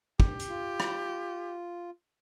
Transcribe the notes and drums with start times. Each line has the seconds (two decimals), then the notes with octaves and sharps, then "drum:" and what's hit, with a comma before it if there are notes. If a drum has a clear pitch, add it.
0.20 G4, drum: kick
0.39 drum: hi-hat
0.49 F4
0.80 drum: rim click